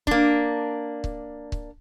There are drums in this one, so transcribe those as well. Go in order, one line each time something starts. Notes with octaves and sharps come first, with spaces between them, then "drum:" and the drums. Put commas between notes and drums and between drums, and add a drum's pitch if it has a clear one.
A#3 D4, drum: kick C#1
drum: kick C#1
drum: kick C#1